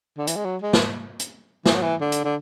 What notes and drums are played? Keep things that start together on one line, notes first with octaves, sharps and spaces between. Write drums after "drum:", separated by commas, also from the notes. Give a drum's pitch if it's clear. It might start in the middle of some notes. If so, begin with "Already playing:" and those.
D3
E3, drum: hi-hat
G#3
F#3
G#3
drum: snare
drum: hi-hat
E3, drum: snare
F#3
E3
D3
drum: hi-hat
D3